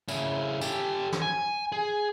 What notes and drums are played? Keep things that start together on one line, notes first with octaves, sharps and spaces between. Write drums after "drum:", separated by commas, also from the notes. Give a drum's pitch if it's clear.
C#3 E4, drum: tambourine
G4 A4, drum: tambourine
drum: snare
G#5
G#4